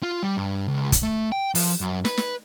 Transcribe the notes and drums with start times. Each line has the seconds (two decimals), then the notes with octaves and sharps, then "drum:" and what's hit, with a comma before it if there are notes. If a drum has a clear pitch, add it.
0.03 F4
0.23 G3
0.37 G2
0.69 C#2
0.92 drum: kick, hi-hat
1.03 A3
1.32 G5
1.55 F3, drum: open hi-hat
1.81 F#2
2.05 B4, drum: snare
2.17 drum: snare